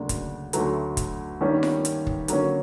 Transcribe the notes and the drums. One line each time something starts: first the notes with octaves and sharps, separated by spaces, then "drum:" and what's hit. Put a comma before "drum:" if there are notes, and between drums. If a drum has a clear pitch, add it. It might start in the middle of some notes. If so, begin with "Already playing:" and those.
Already playing: D2 C#3 F#3 A#3 D4
drum: kick, hi-hat
D2 D3 F#3 A3, drum: hi-hat
drum: kick, hi-hat
G2 D#3 G3 A#3 C#4
drum: snare F4
drum: hi-hat
drum: kick
D3 F#3 A#3 C#4, drum: hi-hat